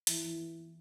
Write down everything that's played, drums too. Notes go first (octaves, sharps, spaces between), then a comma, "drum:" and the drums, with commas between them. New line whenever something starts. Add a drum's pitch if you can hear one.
E3, drum: hi-hat
E3